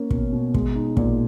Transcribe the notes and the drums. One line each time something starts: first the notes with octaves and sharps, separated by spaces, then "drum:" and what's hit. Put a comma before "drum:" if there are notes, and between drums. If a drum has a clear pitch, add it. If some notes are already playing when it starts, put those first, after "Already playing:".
Already playing: A#3 C#4
B2, drum: kick
B2
G#3, drum: kick
D#4
A#2, drum: kick